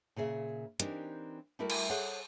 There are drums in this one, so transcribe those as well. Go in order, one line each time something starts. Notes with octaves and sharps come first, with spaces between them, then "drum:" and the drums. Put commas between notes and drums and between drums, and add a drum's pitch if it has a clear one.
A#2 C#3 G#4 E5
E3 C4 D4 D#4 G4 A#4, drum: hi-hat
G3 A3 E4 F#4 A#4 E5
drum: cymbal
G#4 A4 C5 C#5 E5 F#5